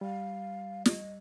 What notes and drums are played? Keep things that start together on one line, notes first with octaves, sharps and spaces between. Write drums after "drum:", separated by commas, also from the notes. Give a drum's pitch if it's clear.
G3 F5
D5, drum: snare
D#5